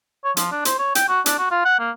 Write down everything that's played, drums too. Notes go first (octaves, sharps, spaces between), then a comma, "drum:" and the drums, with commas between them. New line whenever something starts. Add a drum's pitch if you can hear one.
C#5
F3, drum: hi-hat
D4
C5, drum: hi-hat
C#5
G5, drum: hi-hat
F#4
D4, drum: hi-hat
F#4
F4
F#5
A#3